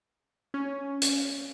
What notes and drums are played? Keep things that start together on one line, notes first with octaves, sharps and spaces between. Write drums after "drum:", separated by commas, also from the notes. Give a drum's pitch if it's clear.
C#4
drum: hi-hat